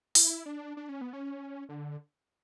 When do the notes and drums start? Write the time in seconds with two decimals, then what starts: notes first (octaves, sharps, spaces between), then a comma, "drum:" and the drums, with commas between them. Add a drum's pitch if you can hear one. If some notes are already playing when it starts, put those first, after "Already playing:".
0.15 E4, drum: open hi-hat
0.46 D4
0.77 D4
0.89 C#4
1.01 B3
1.13 C#4
1.69 D3